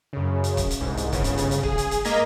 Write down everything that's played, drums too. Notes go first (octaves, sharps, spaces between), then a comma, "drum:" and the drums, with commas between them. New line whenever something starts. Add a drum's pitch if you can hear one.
F#2 C#3
drum: hi-hat
drum: kick, hi-hat
drum: hi-hat
C2 G#2
drum: hi-hat
G1 C#3, drum: kick, hi-hat
drum: hi-hat
drum: hi-hat
drum: hi-hat
G#4, drum: kick
drum: hi-hat
drum: hi-hat
G#2 A#3 D#5 A#5 G#6 B6, drum: hi-hat